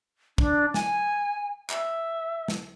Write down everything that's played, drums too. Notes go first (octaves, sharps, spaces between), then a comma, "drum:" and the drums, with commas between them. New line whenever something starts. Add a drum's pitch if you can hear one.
D4, drum: kick
G#5, drum: snare
E5, drum: clap
drum: snare